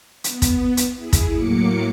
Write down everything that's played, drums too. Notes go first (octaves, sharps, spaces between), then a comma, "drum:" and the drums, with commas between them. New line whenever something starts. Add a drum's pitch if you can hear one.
B3, drum: hi-hat
drum: kick, hi-hat
drum: hi-hat
E4 G#4
drum: kick, hi-hat
A2 F#3 A#3 D6 C#7